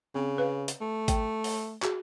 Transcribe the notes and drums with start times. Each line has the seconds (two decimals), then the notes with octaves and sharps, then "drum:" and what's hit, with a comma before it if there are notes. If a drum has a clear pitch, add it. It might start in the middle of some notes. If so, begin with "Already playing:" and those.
0.15 C#3 C4
0.38 B4 F5
0.68 drum: hi-hat
0.81 A3
1.08 G5, drum: kick G#1, hi-hat
1.44 drum: open hi-hat
1.82 F#4 G#4, drum: clap